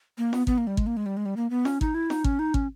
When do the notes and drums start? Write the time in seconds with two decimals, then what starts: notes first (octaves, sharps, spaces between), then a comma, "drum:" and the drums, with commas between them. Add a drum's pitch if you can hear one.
0.18 A#3
0.33 B3, drum: snare F4
0.47 B3, drum: kick
0.58 A#3
0.67 G3
0.77 G#3, drum: kick
0.87 A#3
0.97 G#3
1.06 G3
1.17 G#3
1.26 G3
1.37 A#3
1.50 B3
1.65 C#4, drum: snare F4
1.81 D#4, drum: kick
1.94 E4
2.10 D#4, drum: snare F4
2.24 C#4, drum: kick
2.39 D#4
2.54 C#4, drum: kick